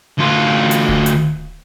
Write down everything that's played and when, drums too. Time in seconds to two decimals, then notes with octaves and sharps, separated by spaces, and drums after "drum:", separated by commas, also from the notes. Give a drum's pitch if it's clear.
0.18 D2 F4
0.71 drum: hi-hat
0.88 drum: kick D1
1.06 drum: hi-hat